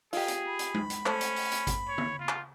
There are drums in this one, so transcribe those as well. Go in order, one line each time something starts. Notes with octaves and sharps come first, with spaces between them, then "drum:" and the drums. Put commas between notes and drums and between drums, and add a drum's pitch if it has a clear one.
F4 G4 G#4, drum: open hi-hat
drum: hi-hat
B5
drum: hi-hat
drum: tom G#3
drum: hi-hat
A3 C#4 C5, drum: clap
drum: hi-hat
drum: open hi-hat
drum: hi-hat
drum: kick G#1, hi-hat
C#5
drum: tom C#3
F4
drum: clap